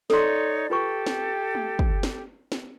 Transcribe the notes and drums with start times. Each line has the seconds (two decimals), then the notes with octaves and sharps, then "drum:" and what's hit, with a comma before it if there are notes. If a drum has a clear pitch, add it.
0.10 D#4 A4 C#5 D5 C6, drum: snare
0.70 F4 G4 A4 B4 C#6
1.06 drum: snare
1.55 drum: tom G#3
1.79 drum: kick
2.03 drum: snare
2.52 drum: snare